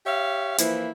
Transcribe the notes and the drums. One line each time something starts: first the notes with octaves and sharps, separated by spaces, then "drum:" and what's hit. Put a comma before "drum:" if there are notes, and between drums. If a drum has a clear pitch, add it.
G4 C#5 E5 F5
E3 F3 A#3 E4, drum: hi-hat